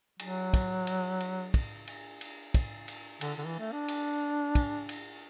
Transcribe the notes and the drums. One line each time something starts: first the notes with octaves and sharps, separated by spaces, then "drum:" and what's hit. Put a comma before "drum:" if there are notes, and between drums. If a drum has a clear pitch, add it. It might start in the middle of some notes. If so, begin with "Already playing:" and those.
F#3, drum: cymbal
drum: kick, cymbal
drum: cymbal
drum: cymbal
drum: kick, cymbal
drum: cymbal
drum: cymbal
drum: kick, cymbal
drum: cymbal
D3, drum: cymbal
D3
E3
A3
D4
drum: cymbal
drum: kick, cymbal
drum: cymbal